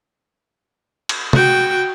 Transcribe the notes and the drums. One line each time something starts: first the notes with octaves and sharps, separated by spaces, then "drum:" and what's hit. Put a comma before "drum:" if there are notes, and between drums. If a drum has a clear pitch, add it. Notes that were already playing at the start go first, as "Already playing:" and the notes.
drum: cymbal
F#4 G5, drum: tom